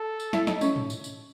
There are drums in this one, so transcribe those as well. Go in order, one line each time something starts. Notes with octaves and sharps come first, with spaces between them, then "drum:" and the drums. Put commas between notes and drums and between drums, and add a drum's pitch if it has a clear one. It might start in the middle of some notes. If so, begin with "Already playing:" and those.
Already playing: A4
drum: tambourine
E4, drum: snare
D#4, drum: snare
C#4, drum: tambourine
drum: tom
drum: tambourine
drum: tambourine